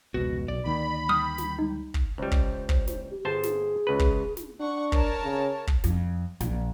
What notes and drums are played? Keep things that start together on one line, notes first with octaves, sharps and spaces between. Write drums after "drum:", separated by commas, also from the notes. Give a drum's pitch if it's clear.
F1 C#2 B2 F#4
B1 B2 D5
D2 D#3 A#3 B5
G3 D#6 F6
drum: snare
D#4
drum: kick
C#2 G3 C5
drum: kick
drum: kick
drum: snare
G4
G1 G#4 C5 A5
drum: snare
C#2 B4
drum: kick
drum: snare
D4 F#5 C#6
A#4 C#5 A5, drum: kick
C#3
drum: kick
F2, drum: snare
A#1, drum: snare